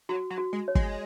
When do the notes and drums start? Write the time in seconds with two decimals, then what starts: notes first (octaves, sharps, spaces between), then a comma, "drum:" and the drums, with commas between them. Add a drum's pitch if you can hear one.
0.09 F#3 F#4
0.30 F#3
0.38 F#4
0.53 G#3
0.68 C#5
0.75 G#3, drum: kick